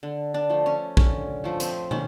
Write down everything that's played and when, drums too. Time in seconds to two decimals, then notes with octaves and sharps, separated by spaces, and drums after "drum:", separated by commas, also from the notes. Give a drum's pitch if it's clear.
0.03 D3
0.34 D4
0.49 F3 A3
0.66 C#4
0.97 D3 C#4, drum: kick
1.44 F3 A3
1.60 C4, drum: hi-hat
1.91 D#3 C#4, drum: tom